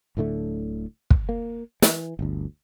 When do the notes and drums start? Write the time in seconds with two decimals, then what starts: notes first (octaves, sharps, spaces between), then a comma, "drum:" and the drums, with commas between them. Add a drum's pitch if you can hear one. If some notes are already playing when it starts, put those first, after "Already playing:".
0.17 D1 A2 D3 A3
1.10 drum: kick
1.29 A#3
1.82 E3, drum: snare
2.19 G1 D2